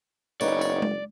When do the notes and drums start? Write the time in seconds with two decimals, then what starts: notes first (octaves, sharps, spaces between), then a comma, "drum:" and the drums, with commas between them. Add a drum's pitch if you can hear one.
0.41 F#1 B3 D#4 C#5 D5, drum: tambourine
0.61 drum: tambourine
0.82 drum: tom G#3